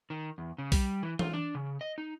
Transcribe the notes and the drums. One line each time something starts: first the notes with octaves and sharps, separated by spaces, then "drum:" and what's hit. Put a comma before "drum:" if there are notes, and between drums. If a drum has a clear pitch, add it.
D#3
E2
C#3
G3, drum: kick B1, open hi-hat
E3
F4, drum: tom E3
D4
C#3
D#5
D#4